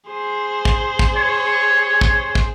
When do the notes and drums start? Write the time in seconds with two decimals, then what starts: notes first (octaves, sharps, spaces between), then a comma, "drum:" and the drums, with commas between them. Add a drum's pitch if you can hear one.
0.10 G#4 C5
0.65 drum: kick
0.99 drum: kick
1.16 C#5
2.01 drum: kick
2.35 drum: kick